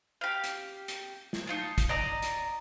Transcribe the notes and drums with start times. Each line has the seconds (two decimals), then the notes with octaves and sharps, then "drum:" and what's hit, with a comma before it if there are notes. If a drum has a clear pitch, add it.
0.21 G4 F5
0.44 drum: hi-hat
0.88 drum: hi-hat
1.33 drum: snare
1.47 D#4 F4 A5
1.78 drum: kick, hi-hat
1.89 D5 D#5 A#5
2.22 drum: hi-hat